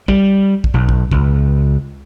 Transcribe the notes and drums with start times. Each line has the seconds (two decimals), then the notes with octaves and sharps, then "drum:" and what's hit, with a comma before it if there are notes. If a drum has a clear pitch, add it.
0.08 G3, drum: kick
0.64 drum: kick
0.74 B1
0.89 drum: kick
1.12 C#2, drum: kick